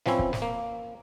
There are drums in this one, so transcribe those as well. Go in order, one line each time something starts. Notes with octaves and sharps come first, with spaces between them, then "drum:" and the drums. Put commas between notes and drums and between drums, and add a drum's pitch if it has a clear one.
E3 F3 C4 C#4 E4, drum: snare
drum: kick
drum: snare
A#3